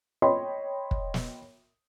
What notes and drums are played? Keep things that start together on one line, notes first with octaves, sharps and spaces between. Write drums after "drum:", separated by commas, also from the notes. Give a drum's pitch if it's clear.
C#5 D#5 G5 B5 C6
drum: kick
drum: snare